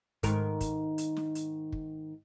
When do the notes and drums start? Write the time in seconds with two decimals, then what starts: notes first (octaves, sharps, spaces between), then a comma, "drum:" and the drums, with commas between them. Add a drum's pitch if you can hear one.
0.23 G#2 D#3 A#4, drum: kick, hi-hat
0.60 drum: kick, hi-hat
0.98 drum: hi-hat
1.16 drum: snare
1.35 drum: hi-hat
1.72 drum: kick